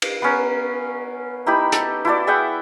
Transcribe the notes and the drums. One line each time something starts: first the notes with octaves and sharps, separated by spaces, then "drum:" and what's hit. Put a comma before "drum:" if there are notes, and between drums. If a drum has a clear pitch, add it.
drum: cymbal
B3 C#4 A#4
D#4 E4 G4 B5
A4, drum: hi-hat
E4 F#4 A4 D5
G#4 E5 F#5 G5